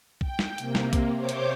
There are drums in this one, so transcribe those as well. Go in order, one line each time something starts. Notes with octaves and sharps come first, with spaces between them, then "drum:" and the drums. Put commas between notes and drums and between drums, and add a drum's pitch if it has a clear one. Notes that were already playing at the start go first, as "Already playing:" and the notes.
G5, drum: kick B1
drum: snare
C3 A#3, drum: hi-hat
drum: snare
drum: kick B1, hi-hat
C3 C5 C#5 D6 G6
drum: hi-hat